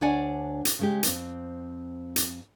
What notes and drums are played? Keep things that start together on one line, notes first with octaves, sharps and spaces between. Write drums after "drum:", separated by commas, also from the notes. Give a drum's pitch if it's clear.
D2 D4 C#5 D5 F#5 G#5
drum: hi-hat
C#3 G#3 G4
F2 C4, drum: hi-hat
drum: hi-hat